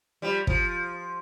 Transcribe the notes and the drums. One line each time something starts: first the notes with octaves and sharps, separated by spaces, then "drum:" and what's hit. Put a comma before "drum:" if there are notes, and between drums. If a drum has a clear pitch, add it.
F3 G3
F3, drum: kick